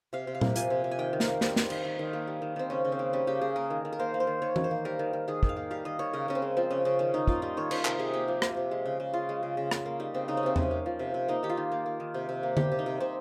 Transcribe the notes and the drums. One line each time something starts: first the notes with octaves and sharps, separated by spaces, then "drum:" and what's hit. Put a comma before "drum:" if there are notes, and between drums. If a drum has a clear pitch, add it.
C3 F5
C3
F5
A#3, drum: tom A#2
F3 G#5, drum: hi-hat
C3
C3
G#5
D#3 G5
D#3
A#4, drum: snare
A#3
G3 C4, drum: snare
D#3, drum: snare
D#3, drum: cymbal
D#3
D#3
A#3
G3
D#3
D#3 C4
C#3 C#4
C#3
C4
A#3
G3 C#4
C#3 G4
C#3 G#4
A#3 A#4
D#3
D#3
A#4
A#3 C5
A#3
C5
D#3
D#3 C#5
D#3, drum: tom E3
C5
A#3
G3 A#4
D#3
D#3
D#3 G#4
D#3, drum: kick
F5
A#3
G3 F5
D#3 D#5
D#3 C#5
C#3 A#4
C#3 C#4
C4
G#3
F3 C4
C#3 C#4
C#3 C#4
D#3 C#4
D#3 D#4
A#3 F4, drum: kick
G3 D#4
D#3 C#5
D#3 C5, drum: cymbal
C3 A#4, drum: clap
C3 G#4
A#3 G4
F3
C3, drum: rim click
C3
G#3
C#3
C#3
G#3 F4
G#3
C#3
C#3
C#3, drum: rim click
A#3
G3 D#4
C#3 C4
C#3 D#4
C#4
C3 C4
C3 C#4, drum: tom E2
A#3
F3
C3
C3
A#3 D#4
D#3 G4
F4
D#3
A#3
A#3
D#3
C3
C3
A#3
G3 G4, drum: tom D3
C3
D#4
C3
C3 C4